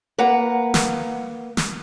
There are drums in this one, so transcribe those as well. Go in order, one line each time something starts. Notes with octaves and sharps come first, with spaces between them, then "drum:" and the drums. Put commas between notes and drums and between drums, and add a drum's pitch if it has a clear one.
A#3 B4 F#5 A#5
drum: snare
drum: snare